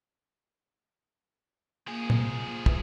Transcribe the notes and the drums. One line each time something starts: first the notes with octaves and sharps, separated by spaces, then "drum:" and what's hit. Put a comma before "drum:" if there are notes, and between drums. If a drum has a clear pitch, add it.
F3 A#3 G#4
C3, drum: tom
A#3
E4 B4, drum: kick